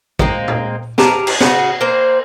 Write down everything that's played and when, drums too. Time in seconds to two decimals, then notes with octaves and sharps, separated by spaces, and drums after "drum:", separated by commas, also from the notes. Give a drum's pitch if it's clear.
0.19 G#3 A#3 C4, drum: kick
0.48 drum: tom A#2
0.98 G4 G#4 A#4 A5, drum: snare
1.27 drum: cymbal
1.40 C#3 F#4 G#4, drum: snare
1.81 A#3 C5